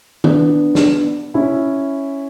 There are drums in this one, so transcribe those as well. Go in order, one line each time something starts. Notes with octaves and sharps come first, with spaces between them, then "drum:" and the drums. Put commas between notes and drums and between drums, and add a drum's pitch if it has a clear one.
B3 D4, drum: tom D#3
drum: snare
C#4 E4